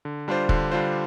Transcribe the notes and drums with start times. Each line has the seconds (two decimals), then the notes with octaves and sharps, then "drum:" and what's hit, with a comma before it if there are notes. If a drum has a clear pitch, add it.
0.05 D3
0.28 G3 D4 F4 C5
0.49 D3, drum: kick
0.72 G3 D4 F4 C5